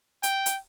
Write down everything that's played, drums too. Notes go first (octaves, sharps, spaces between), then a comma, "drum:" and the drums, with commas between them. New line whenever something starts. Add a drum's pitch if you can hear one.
G5, drum: hi-hat
drum: hi-hat